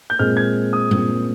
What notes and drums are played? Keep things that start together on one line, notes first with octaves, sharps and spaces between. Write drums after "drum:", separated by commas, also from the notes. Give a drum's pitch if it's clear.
G6
A#2 G#3 C4 F6
G#6
D#6
A#2 G#3 C4, drum: tom G3